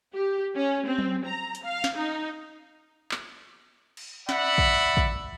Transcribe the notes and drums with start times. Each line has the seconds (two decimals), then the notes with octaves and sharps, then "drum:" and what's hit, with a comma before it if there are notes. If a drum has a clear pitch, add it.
0.15 G4
0.56 C#4
0.87 C4
0.99 drum: tom F#3
1.27 A#5
1.55 drum: hi-hat
1.65 F5
1.84 drum: snare
1.98 D#4
3.11 drum: clap
3.97 drum: cymbal
4.29 D5 E5 F#5 B5, drum: snare
4.58 drum: kick
4.97 drum: kick